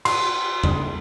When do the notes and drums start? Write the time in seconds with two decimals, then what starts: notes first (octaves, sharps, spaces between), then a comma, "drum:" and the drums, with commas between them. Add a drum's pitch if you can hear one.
0.05 C6, drum: cymbal
0.63 drum: tom E2